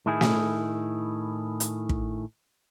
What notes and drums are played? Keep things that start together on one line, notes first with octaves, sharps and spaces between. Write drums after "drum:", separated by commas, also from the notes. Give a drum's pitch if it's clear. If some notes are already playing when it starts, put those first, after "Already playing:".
A2 D#3 E4 G#4
drum: snare
drum: hi-hat
drum: kick